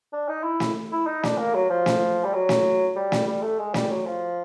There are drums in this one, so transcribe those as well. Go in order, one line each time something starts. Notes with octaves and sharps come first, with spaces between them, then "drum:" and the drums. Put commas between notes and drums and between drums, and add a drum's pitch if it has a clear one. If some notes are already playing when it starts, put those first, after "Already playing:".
D4
D#4
E4
drum: snare
E4
D#4
D4, drum: snare
A#3
F#3
F3
drum: snare
G3
F#3
drum: snare
G3
drum: snare
G3
A3
G#3
G3, drum: snare
F#3
F3